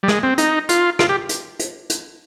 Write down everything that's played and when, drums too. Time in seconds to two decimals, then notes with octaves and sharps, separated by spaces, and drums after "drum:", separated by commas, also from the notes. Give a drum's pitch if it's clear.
0.03 G3
0.08 G#3, drum: rim click
0.23 C4
0.38 D#4, drum: hi-hat
0.69 F4, drum: hi-hat
0.99 F4, drum: rim click
1.09 G4
1.29 drum: hi-hat
1.59 drum: hi-hat
1.90 drum: hi-hat